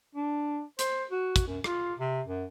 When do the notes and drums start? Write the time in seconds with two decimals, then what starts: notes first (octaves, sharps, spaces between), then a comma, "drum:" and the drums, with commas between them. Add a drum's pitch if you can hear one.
0.15 D4
0.79 C5, drum: hi-hat
1.11 F#4
1.36 drum: kick, hi-hat
1.47 F#2
1.64 F4, drum: rim click
1.99 C3
2.27 F#2